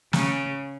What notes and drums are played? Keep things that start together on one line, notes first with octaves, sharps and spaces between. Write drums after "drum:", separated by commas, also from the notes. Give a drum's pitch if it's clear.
C#3, drum: snare